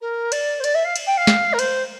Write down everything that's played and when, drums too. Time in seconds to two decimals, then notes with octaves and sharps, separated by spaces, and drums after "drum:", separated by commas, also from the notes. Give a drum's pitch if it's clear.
0.01 A#4
0.32 D5, drum: cymbal
0.60 C5
0.64 D5, drum: cymbal
0.74 E5
0.84 F5
0.96 drum: cymbal
1.06 G5
1.17 F5
1.27 drum: snare
1.53 A#4
1.59 C5, drum: cymbal